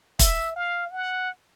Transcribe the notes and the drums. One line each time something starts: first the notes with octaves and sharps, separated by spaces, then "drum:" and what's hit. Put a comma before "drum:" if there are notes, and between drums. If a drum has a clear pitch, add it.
E5, drum: kick, hi-hat
F5
F#5